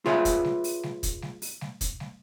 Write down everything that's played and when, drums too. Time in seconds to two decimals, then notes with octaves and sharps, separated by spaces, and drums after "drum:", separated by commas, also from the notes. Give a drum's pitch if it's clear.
0.06 F4 G#4 B4 C#5 E5, drum: snare
0.25 drum: kick, hi-hat
0.44 drum: snare
0.64 drum: open hi-hat
0.83 drum: snare
1.03 drum: kick, hi-hat
1.22 drum: snare
1.42 drum: open hi-hat
1.61 drum: snare
1.81 drum: kick, hi-hat
2.00 drum: snare